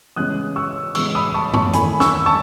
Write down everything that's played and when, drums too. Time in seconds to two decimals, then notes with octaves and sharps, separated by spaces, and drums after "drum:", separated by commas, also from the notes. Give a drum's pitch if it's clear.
0.16 C#3 E3 G#3 B3 D#6 F#6
0.56 C#6 E6
0.95 C#3 E3 G#3 B3 C#6 E6, drum: cymbal
1.15 B5 D#6
1.34 A5 C#6
1.54 A5 C#6, drum: tom F#2
1.73 E2 D#3 A3 G#5 B5, drum: hi-hat
2.00 C#6 E6, drum: snare
2.26 A5 C#6